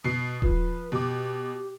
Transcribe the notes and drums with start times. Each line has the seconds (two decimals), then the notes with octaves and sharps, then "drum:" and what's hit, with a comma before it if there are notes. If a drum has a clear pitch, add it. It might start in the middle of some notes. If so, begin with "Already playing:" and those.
0.04 B2 D#6 C7
0.42 F3 B4, drum: kick D#1
0.92 B2 G4 D6